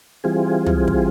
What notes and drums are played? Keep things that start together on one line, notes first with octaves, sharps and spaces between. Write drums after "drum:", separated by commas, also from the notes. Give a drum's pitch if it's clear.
E3 G3 C4 F4 G#4
drum: tom
drum: kick